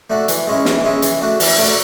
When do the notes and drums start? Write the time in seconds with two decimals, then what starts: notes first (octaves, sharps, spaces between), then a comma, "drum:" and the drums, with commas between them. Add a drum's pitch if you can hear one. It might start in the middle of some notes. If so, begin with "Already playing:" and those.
0.10 A3 D4 F#4
0.28 E3, drum: hi-hat
0.47 G#3 C#4 E4
0.65 E3, drum: snare
0.84 G#3 C#4 E4
1.02 E3, drum: hi-hat
1.21 A3 D4 F#4
1.40 E3, drum: open hi-hat
1.58 A3 D4 F#4